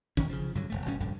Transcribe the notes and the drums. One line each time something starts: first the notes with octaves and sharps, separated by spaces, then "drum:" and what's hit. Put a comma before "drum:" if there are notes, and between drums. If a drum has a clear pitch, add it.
E1 D2 D#3 C#4, drum: kick
C#3 F3
G2 D3 F#3
E1 B1 A3
G1 B2 G3 C#4
F1 A#1 G2 D3